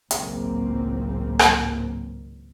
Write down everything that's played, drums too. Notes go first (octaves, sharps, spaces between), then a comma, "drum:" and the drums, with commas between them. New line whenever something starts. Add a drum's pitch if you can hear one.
G#1 C#2 A2 F#3 A#3 C4, drum: hi-hat
drum: rim click